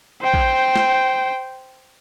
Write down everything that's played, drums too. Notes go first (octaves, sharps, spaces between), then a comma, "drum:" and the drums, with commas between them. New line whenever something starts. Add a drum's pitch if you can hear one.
C5 G5
drum: kick
drum: snare